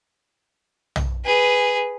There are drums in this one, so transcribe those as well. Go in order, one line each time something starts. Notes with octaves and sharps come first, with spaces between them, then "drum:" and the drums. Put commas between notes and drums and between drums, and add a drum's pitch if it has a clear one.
drum: tom
G#4 B4